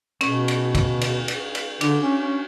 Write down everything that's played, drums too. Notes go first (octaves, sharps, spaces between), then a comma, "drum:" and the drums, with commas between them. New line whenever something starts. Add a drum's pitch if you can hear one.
B2 C#4, drum: cymbal
drum: cymbal
drum: kick, cymbal
drum: cymbal
drum: cymbal
drum: cymbal
D3 D4, drum: cymbal
C#4
C#4